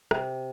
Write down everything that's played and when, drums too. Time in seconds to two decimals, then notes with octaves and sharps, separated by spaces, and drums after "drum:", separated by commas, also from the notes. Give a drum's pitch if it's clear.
0.11 C3, drum: rim click